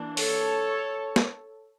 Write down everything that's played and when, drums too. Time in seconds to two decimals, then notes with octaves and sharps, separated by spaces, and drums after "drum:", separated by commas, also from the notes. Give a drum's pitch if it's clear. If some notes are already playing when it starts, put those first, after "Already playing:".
Already playing: E3 A#3 D4
0.17 A4 C#5, drum: open hi-hat
1.16 drum: snare